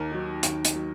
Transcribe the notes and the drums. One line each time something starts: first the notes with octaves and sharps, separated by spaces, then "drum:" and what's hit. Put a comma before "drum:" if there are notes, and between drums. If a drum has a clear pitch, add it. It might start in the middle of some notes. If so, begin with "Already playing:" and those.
Already playing: D#2 A#4
D#3 F#3
D#2, drum: hi-hat
drum: hi-hat
F#3